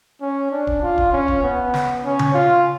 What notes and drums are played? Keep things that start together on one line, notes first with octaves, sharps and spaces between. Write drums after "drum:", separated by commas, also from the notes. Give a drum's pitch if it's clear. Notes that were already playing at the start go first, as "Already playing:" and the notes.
C#4
D4
drum: kick D1
F4
drum: kick D1
C#4
drum: kick D1
B3
drum: snare
C#4
drum: tom C#3
F4